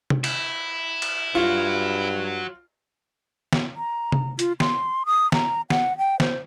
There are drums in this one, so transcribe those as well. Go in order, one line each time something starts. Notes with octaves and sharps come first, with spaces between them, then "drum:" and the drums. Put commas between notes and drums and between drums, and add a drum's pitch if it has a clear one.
drum: tom C3
E4, drum: cymbal
drum: cymbal
G2 F4 F#4 C#5
drum: snare
A#5
drum: tom C3
F4, drum: hi-hat
C6, drum: snare
D#6
A#5, drum: snare
F#5, drum: snare
G5
C5, drum: snare